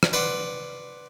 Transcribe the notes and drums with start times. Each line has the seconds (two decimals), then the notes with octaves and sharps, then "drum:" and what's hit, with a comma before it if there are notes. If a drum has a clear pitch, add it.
0.03 drum: rim click
0.13 B4 D5 F#5 C6